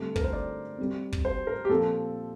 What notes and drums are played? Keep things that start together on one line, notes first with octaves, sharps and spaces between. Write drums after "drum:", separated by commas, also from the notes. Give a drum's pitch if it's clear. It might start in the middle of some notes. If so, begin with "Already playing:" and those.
Already playing: G2 D3 A3 C4 G4
A#4, drum: kick
C5
D5
C3 G3 C4
drum: kick
C5
A#4
G4
A#2 F3 C4 A4